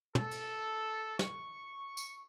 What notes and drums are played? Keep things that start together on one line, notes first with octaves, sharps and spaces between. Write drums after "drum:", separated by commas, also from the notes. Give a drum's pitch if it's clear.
A4, drum: tom
drum: cymbal
C#6, drum: snare
drum: tambourine